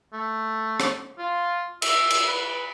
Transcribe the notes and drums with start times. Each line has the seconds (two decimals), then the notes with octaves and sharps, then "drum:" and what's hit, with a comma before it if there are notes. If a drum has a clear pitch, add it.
0.13 A3
0.80 drum: rim click
1.19 F4
1.82 E5, drum: cymbal
2.10 drum: cymbal
2.28 B4